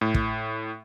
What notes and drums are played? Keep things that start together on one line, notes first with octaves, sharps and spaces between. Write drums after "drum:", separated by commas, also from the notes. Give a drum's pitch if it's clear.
A2
drum: kick